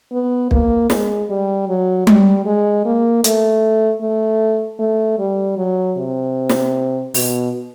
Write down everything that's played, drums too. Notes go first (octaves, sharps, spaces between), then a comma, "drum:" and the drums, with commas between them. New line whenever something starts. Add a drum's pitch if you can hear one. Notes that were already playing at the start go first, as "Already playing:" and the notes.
B3
A#3, drum: kick
G#3, drum: snare
G3
F#3
G3, drum: tom G3
G#3
A#3
A3, drum: hi-hat
A3
A3
G3
F#3
C3
drum: snare
B2, drum: open hi-hat